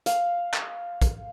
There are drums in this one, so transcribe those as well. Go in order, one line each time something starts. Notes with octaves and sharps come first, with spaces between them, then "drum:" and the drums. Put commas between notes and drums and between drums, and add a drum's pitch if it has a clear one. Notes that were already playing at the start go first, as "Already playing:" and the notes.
F5, drum: hi-hat
drum: clap
drum: kick, hi-hat